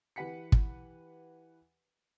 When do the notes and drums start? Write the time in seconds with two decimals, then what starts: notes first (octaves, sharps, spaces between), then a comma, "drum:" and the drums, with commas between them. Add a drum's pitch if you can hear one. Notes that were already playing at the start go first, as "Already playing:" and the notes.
0.16 E3 G4 B4 F#5 B6 C#7
0.52 drum: kick